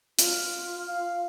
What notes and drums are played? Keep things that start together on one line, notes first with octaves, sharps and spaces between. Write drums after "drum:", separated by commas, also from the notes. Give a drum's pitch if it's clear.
F4, drum: hi-hat
F5